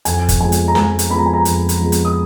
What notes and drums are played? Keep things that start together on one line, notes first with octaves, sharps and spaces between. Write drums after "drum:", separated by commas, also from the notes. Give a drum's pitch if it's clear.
F2 G#5, drum: hi-hat
drum: kick F#1, hi-hat
F3 G#3 B3 G#5
drum: hi-hat
A#5
F2 G#5, drum: snare
drum: hi-hat
F3 G#3 B3 B5
A#5
G#5
A#5
F2, drum: hi-hat
drum: hi-hat
F3 G#3 B3
drum: hi-hat
D#6